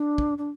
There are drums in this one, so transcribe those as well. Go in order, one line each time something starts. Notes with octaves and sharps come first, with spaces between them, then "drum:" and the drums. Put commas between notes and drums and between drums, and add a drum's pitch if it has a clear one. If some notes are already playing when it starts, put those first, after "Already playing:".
Already playing: D4
drum: kick
D4